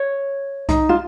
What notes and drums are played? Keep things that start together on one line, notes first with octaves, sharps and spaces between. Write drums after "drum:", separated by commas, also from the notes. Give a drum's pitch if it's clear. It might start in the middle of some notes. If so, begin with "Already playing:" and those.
Already playing: C#5
D#4, drum: kick C2, hi-hat
F4